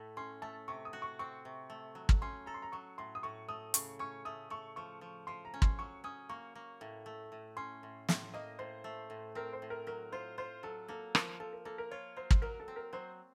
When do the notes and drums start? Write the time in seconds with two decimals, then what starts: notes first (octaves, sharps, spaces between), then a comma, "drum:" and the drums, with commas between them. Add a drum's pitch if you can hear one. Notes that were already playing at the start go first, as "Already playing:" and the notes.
Already playing: A2 A3
0.17 C#4 C6
0.42 A3 A5
0.68 C3 C#6
0.85 D#6
0.93 F#4
1.02 C#6
1.19 C4 C#6
1.45 C3
1.70 A3
1.95 F#3
2.09 drum: kick
2.22 C#4 C6
2.46 A4 A#5
2.54 C6
2.62 A#5
2.72 F#3 C#6
2.98 A2 C6
3.15 D#6
3.23 A2 C#6
3.48 A3 D#6
3.74 C#3 C#6, drum: hi-hat
3.99 C#4 C#6
4.25 A3 D#6
4.50 A3 C#6
4.76 F3 C#6
5.01 F3
5.27 F3 C6
5.45 A#5
5.54 C#4
5.62 C6, drum: kick
5.79 F#3 C#6
6.04 C#4 D#6
6.29 A#3 C#6
6.55 A#3
6.81 A2
7.06 A3
7.32 A2
7.57 C#4 C6
7.83 A2
8.09 A2, drum: snare
8.34 A#3 D#5
8.59 A2 C5
8.84 A3
9.10 A2
9.35 C4 A#4
9.53 C5
9.62 A2
9.70 A#4
9.87 F#3 A#4
10.12 F4 C5
10.38 F4 C5
10.63 F#3 A4
10.88 A#3 A4
11.15 F3 A#4, drum: rim click
11.40 F3 A4
11.53 A#4
11.65 A#3 A4
11.78 A#4
11.91 F4 C#5
12.16 F#3 C5
12.31 drum: kick
12.42 F#3 A#4
12.60 A4
12.68 C4
12.76 A#4
12.93 F#3 C5